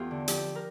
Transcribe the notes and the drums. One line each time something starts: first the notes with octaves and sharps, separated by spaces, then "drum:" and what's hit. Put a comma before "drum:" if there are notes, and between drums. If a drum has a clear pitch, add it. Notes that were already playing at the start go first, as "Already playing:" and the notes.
Already playing: E2 F4 G4 A4
D3
F3 G4, drum: hi-hat
A#4